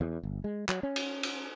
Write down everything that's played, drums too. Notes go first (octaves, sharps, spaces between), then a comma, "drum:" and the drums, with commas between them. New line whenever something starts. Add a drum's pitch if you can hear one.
E2
G1
G#3
F#3, drum: clap
C#4
drum: cymbal
drum: cymbal